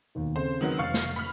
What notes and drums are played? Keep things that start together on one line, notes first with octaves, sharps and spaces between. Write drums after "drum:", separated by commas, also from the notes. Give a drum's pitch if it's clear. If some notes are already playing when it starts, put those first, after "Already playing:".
D#2 B2 D#3
C#3 C4 A4 C5
D#3 F#3 B3
F1 F5 C#6 A6 C#7
drum: snare
B5 F6